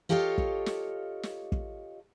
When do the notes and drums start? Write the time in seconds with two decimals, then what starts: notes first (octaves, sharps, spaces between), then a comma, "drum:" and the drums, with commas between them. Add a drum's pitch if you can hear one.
0.09 F4 G4 A4 C#5 D#5 F5
0.38 drum: kick
0.66 drum: snare
1.23 drum: snare
1.52 drum: kick